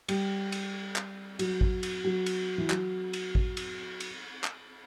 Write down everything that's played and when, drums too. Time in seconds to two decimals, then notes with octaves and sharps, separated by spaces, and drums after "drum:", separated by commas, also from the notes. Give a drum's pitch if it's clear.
0.08 G3, drum: cymbal
0.52 drum: cymbal
0.96 drum: clap
1.39 F#3, drum: cymbal
1.61 drum: kick G#1
1.83 drum: cymbal
2.05 F#3
2.26 drum: cymbal
2.58 E3
2.70 F#3, drum: clap
3.13 drum: cymbal
3.35 drum: kick G#1
3.57 drum: cymbal
4.00 drum: cymbal
4.44 drum: clap